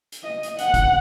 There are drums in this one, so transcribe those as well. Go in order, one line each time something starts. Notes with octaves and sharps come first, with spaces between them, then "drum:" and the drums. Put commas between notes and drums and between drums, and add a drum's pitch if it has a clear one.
drum: hi-hat
D#5
drum: hi-hat
F#5, drum: hi-hat
drum: kick, hi-hat